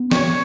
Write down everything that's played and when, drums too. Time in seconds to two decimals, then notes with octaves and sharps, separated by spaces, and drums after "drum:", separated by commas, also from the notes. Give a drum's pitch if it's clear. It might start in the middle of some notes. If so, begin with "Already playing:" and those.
Already playing: B3
0.11 C#5, drum: snare